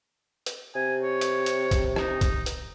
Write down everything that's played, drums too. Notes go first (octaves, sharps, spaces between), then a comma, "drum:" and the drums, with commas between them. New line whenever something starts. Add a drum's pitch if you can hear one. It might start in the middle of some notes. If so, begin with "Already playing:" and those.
drum: hi-hat
C3 G#5
C#5
drum: hi-hat
drum: hi-hat
drum: kick, hi-hat
D#4, drum: rim click
drum: kick, hi-hat
drum: hi-hat